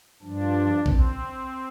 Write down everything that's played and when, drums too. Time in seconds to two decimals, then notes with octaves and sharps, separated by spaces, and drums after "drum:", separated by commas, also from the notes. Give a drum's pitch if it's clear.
0.22 G2 F3 D4
0.86 C4, drum: kick A#1